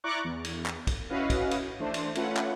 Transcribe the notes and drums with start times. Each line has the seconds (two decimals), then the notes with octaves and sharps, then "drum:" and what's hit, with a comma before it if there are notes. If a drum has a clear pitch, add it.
0.04 E4 D5 A#5 C#6 D6 F#6
0.24 E2
0.44 drum: cymbal
0.66 drum: clap
0.87 drum: kick, cymbal
1.10 C#4 E4 F#4 B4 D#5 F5
1.30 drum: kick, cymbal
1.51 drum: cymbal
1.79 E3 A3 D4 C5
1.94 drum: cymbal
2.15 A3 C#4 F4 B4 F#5, drum: cymbal
2.37 drum: clap